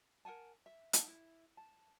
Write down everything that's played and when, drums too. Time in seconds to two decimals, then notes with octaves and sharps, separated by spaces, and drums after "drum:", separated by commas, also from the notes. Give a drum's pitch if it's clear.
0.25 A#4 F#5 G#5 A5
0.66 E5
0.93 D#4 F#5 A5, drum: hi-hat
1.08 E4
1.57 A5